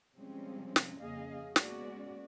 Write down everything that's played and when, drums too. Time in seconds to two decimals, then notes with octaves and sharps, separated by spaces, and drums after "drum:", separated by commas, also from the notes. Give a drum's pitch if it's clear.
0.18 C3 F3 G3 G#3 C4 C#4
0.76 drum: snare
1.00 F2 C#3 A#3 G#4 D#5 F5
1.56 G#3 A#3 B3 C#4 F#4 D5, drum: snare